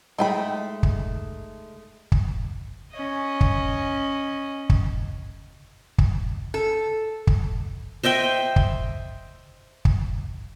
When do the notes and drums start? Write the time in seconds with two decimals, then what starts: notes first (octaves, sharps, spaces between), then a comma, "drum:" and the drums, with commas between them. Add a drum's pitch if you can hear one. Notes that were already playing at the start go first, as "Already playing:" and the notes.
0.18 G#3 A3 D#4 G5 B5
0.83 drum: kick
2.12 drum: kick
2.92 C#4 D#5
3.41 drum: kick
4.70 drum: kick
5.98 drum: kick
6.54 A4
7.27 drum: kick
8.03 C5 D#5 E5 G5
8.56 drum: kick
9.85 drum: kick